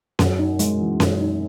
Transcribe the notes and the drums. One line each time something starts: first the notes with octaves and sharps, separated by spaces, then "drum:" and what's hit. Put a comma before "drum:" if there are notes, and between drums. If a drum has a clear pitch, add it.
F#2, drum: snare C#4
D#4
G#3, drum: hi-hat
E3
F#2, drum: snare C#4
D#4